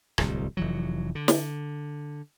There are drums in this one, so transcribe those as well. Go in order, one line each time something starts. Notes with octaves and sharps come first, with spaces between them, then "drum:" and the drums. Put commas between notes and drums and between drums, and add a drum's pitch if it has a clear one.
D1 C2, drum: rim click
F1 E3 F#3
D3
drum: snare